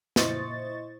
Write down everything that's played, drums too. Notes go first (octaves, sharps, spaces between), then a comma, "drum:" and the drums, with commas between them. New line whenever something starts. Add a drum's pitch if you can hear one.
A#2 E4 C5 D#5 C#6 A6, drum: snare